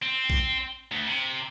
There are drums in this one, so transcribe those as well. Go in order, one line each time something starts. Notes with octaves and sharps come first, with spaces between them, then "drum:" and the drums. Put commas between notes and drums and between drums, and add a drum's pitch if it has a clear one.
C4
drum: kick A#1
D2
C3